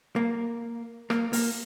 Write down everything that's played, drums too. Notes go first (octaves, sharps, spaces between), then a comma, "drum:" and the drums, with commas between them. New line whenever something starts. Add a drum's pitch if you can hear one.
A#3
A#3, drum: rim click
A#3, drum: open hi-hat